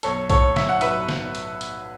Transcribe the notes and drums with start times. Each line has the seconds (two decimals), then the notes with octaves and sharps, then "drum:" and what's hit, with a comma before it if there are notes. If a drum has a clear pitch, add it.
0.03 B1 A4 C#5, drum: hi-hat
0.30 A2 A4 C#5, drum: kick B1, hi-hat
0.56 B1 E5, drum: snare
0.69 F#5
0.81 F#3 B4 E5, drum: hi-hat
1.09 drum: snare
1.35 drum: hi-hat
1.61 drum: hi-hat